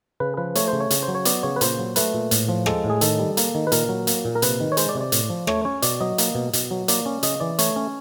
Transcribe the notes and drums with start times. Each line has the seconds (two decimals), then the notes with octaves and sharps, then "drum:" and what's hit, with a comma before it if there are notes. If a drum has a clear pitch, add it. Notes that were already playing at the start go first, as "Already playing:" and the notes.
0.20 C#3 B4
0.37 F3 B4
0.55 A3 C#5, drum: hi-hat
0.68 C5
0.73 C#3
0.80 C#5
0.90 C#3, drum: hi-hat
1.03 C5
1.08 F#3
1.15 C#5
1.25 B3 D5, drum: hi-hat
1.43 C#3 C#5
1.56 B4
1.61 A#2 C5, drum: hi-hat
1.79 F#3
1.96 A3 B4, drum: hi-hat
2.14 A#2
2.31 A2, drum: hi-hat
2.49 F3
2.66 G#3 A4, drum: rim click
2.84 A2
2.90 G#4
3.01 D#3 A4, drum: hi-hat
3.19 G3
3.37 A#3, drum: hi-hat
3.55 D#3
3.67 B4
3.72 A#2 A#4, drum: hi-hat
3.89 F#3
4.07 A#3, drum: hi-hat
4.25 A#2
4.35 A#4
4.42 C3 B4, drum: hi-hat
4.60 D#3
4.72 C#5
4.77 G#3 C5, drum: hi-hat
4.89 D5
4.95 C3
5.01 D5
5.12 A2, drum: hi-hat
5.30 F3
5.47 A3 C#5, drum: rim click
5.65 C#4 C#5
5.82 B2 D5, drum: hi-hat
6.01 F#3 D#5
6.18 A#3, drum: hi-hat
6.35 B2
6.53 B2, drum: hi-hat
6.71 F#3
6.88 A#3 D5, drum: hi-hat
7.06 C#4
7.23 C#3 D#5, drum: hi-hat
7.40 E3 D5
7.59 A3 C#5, drum: hi-hat
7.76 C#4